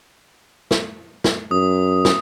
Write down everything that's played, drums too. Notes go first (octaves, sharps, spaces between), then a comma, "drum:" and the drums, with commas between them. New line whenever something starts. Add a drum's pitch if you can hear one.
drum: snare
drum: snare
F#2 D#6
drum: snare